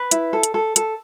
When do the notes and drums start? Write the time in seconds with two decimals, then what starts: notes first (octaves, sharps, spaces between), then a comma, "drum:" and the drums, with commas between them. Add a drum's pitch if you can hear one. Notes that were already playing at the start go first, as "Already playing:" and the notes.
Already playing: B4
0.11 E4, drum: hi-hat
0.33 A4
0.43 drum: hi-hat
0.54 A4
0.76 A4, drum: hi-hat